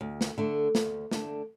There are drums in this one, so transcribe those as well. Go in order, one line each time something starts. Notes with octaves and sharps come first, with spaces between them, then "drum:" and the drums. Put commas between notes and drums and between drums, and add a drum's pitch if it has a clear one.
D2
drum: snare
D3 A3 D4
D2, drum: snare
D3 A3 D4, drum: snare